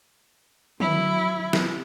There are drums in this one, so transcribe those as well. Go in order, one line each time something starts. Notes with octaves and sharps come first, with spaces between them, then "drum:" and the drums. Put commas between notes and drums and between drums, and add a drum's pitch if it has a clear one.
F#3 E4, drum: tom
drum: snare